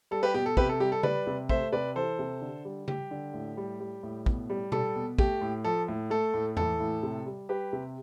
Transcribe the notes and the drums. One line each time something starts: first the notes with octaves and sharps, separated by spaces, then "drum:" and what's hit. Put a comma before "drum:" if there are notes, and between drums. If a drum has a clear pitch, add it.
G3 A4
G4 B4
B2 G4
A4
C3 G4 B4, drum: kick
A4
G3 G4
A4
G3 B4 D5, drum: tom C#3
C3
A3 C5 E5, drum: kick
C3 B4 D5
E3 A4 C5
C3
D3
G3
G3 G4, drum: tom C#3
D3
A2
G3
G3
A2
B2, drum: kick
G3
G3 A4, drum: tom B2
B2
A3 G4, drum: kick
A2
F3 A4
A2
A3 A4
A2
E3 A4, drum: tom E2
A2
C3
G3
G3 G4 B4
C3